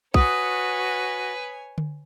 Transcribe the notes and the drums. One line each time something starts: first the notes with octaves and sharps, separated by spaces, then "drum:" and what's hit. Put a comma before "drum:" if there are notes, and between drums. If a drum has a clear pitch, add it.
F#4 B4 C#5 G#5 D#6, drum: kick
drum: tom D3